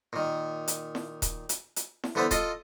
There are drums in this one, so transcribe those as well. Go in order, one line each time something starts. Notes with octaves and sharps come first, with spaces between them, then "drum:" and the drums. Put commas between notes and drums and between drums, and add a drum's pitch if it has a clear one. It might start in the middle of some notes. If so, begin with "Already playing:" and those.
A#2 D#3
drum: hi-hat
drum: snare E4
drum: kick D#1, hi-hat
drum: hi-hat
drum: hi-hat
drum: snare E4
D3 E3 B3 A4 B4 C5
F4 A4 D#5 C6, drum: kick D#1, hi-hat